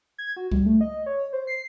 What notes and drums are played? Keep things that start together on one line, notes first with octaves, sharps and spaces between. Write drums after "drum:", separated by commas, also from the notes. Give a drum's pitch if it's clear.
G#6
F#4
G3, drum: kick C#2
A3
D#5
C#5
C5
C7